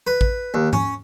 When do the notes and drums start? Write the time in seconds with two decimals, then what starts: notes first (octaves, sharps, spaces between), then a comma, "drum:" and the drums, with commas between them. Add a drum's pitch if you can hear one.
0.07 B4
0.21 drum: kick A1
0.54 D#2
0.73 C#4, drum: tom G#2